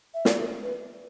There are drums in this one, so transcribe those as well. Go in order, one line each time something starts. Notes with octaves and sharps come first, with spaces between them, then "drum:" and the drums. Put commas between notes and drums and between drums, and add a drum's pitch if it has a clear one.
E5
D5, drum: snare
B4